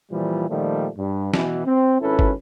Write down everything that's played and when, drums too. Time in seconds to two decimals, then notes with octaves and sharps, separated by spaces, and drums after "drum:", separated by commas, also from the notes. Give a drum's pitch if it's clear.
0.11 A#2 E3 F3 G3
0.48 A#2 D#3 F3 G3 A3
0.97 G2
1.34 B2 E3, drum: snare
1.65 C4
2.00 G#1 C#4 E4 A4 B4
2.19 drum: kick